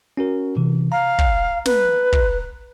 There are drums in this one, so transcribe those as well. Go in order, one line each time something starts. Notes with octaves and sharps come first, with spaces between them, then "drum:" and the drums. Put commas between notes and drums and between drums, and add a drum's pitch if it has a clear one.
C#4 F#4 A#4
C3 E3
F5 A#5
drum: kick
B4, drum: snare
drum: kick